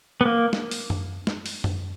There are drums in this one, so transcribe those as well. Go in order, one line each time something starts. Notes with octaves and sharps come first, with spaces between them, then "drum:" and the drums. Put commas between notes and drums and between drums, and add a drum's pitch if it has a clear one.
B3
A#3
drum: snare
drum: open hi-hat
drum: tom F#2
drum: snare
drum: open hi-hat
drum: tom F#2